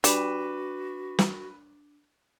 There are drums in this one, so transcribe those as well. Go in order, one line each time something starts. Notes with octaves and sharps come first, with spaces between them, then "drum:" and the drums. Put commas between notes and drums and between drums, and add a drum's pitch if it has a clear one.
G3 D4 F#4 B4 D6 E7, drum: hi-hat
drum: snare